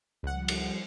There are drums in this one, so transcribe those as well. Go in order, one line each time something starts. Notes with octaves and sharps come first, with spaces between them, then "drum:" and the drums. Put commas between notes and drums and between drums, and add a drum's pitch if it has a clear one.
C#2 F3 G3 F#5
drum: cymbal